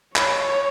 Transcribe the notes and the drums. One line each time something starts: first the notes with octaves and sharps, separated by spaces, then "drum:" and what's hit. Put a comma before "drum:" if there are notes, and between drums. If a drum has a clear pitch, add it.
C#5 B5, drum: clap
C#6